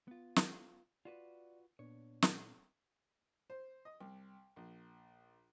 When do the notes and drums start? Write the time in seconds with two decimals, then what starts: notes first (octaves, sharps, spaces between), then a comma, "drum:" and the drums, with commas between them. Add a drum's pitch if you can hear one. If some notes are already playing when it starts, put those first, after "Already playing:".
0.08 B3 F4
0.36 drum: snare
1.05 F4 F#4 B4 D5
1.79 A#2 B3 D4 C#5
2.22 drum: snare
3.50 C5
3.85 D#5
4.01 C2
4.56 A#1